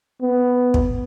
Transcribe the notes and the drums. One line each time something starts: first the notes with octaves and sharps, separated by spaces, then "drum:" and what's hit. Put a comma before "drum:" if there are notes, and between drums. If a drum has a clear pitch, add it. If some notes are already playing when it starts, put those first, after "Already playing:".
B3
drum: kick